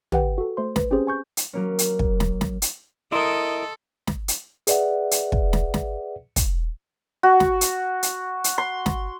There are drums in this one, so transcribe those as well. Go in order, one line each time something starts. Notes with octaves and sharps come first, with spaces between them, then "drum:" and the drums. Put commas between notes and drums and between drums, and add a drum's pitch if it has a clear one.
G4 B4 F#5 G5, drum: tom
F#4 A4
A3 C5 C6
B4, drum: snare
C4 C#4 G4 G#4 C5
G#5 C#6 G6
drum: hi-hat
F#3 A#3 C#4
drum: hi-hat
drum: kick
drum: snare
drum: snare
drum: hi-hat
E4 A4 A#4 D#5 C6 D#6
drum: snare
drum: hi-hat
G#4 B4 D5 E5 F#5, drum: hi-hat
drum: hi-hat
drum: kick
drum: snare
drum: snare
drum: kick, hi-hat
F#4
drum: snare
drum: hi-hat
drum: hi-hat
drum: hi-hat
C6
drum: snare